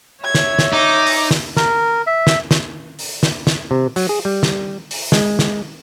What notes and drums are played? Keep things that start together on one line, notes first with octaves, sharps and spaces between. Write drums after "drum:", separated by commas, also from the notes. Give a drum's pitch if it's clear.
C#5 E5 G#6
drum: snare
drum: snare
D#4 D6
drum: open hi-hat
drum: snare
A#4, drum: snare
E5
drum: snare
drum: snare
drum: open hi-hat
drum: snare
drum: snare
C3
F#3, drum: open hi-hat
G#4
G3
drum: snare
drum: open hi-hat
G#3, drum: snare
drum: snare